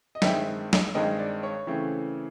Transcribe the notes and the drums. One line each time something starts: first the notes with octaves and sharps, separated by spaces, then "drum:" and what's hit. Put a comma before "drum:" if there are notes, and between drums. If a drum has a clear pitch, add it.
D#5
G2 D#3 G#3 C4 E5, drum: snare
drum: snare
G2 D#3 G#3 C4 D#5
D5
C#5
C#3 E3 A3 C4